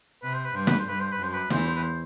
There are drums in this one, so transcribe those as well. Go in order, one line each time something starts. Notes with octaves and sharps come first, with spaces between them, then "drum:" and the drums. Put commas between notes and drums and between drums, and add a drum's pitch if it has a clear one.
C3 B4
C5
B4
G2 C5
B4, drum: snare
C5
G2 B4
C5
B4
F#2 C5
B4
E2 E3 C5, drum: snare
C5
B4
C5